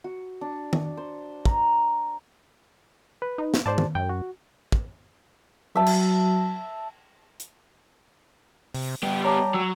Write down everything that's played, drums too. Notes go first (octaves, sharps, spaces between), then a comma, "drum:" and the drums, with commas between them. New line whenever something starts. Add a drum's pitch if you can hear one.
F#4
D4
drum: tom D#3
C5
A#5, drum: kick
B4
D#4
drum: snare
G#2 C5 D5 A5
drum: tom D#3
F#2 G5
F#4
drum: kick
F#3 E5 A5
drum: cymbal
drum: hi-hat
C3, drum: open hi-hat
G3 B3 G4
C#5 A5 A#5 D6
F#3 E6